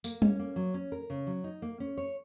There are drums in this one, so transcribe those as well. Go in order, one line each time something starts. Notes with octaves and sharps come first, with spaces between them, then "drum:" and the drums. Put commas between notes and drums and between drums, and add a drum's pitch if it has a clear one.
A#3, drum: tambourine
C#4, drum: tom G3
A#3
F#3
C#4
A#4
C#3
F#3
D#4
A#3
C#4
C#5